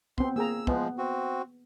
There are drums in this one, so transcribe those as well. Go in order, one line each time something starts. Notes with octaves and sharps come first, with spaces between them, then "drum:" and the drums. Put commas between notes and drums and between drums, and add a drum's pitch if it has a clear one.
B3 C4 C6, drum: kick
A#3 G#4 A#5 E6
F3 G#3 B3, drum: kick
C4 F#4